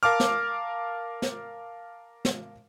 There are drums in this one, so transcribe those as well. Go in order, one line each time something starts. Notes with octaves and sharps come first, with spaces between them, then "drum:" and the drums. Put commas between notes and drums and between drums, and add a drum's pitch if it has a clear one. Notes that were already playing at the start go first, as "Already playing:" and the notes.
A#4 F5 A5 D6 F6
drum: snare
drum: snare
drum: snare